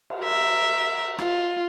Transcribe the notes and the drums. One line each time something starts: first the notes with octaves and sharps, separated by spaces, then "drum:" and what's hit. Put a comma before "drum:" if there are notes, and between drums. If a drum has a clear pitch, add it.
drum: cymbal
A#4 E5
F4, drum: rim click